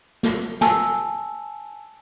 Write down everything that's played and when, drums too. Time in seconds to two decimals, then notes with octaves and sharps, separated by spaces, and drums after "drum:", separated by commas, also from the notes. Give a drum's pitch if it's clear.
0.23 drum: snare
0.61 G#5 A5 E6, drum: snare